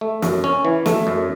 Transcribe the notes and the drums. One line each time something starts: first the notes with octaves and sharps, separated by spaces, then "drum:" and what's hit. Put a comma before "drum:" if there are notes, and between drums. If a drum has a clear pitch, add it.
A3
F#2, drum: snare
C#4
E3
A3, drum: snare
F#2